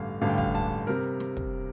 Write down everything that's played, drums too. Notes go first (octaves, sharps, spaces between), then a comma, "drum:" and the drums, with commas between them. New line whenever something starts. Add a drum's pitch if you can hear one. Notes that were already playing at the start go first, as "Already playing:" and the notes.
Already playing: A1 G2 D3 F5
A1 G2 D3 F5
G5
F5, drum: kick
A5, drum: tom
C3 G3 A#4
drum: snare
drum: kick